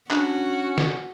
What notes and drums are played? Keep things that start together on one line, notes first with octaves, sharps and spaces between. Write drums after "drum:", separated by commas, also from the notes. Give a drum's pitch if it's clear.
C#4 D4 F#4, drum: clap
drum: snare